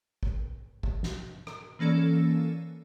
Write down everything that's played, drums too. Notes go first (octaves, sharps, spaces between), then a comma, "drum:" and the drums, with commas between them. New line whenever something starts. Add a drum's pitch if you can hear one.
drum: kick
drum: kick
drum: snare
drum: rim click
E3 A#3 C#4 A4 D5